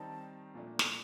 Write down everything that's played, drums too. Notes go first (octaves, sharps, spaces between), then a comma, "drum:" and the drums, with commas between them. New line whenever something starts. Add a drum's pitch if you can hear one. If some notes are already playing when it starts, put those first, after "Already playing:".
Already playing: D#3 G3 C4 D#4 A5
A#2 F3 A3 D4
drum: snare